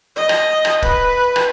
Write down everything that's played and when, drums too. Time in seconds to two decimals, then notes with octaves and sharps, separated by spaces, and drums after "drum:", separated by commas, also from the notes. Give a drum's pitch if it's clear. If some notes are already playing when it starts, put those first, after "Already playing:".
0.16 D#5
0.29 drum: rim click
0.65 drum: rim click
0.82 B4, drum: kick
1.36 drum: rim click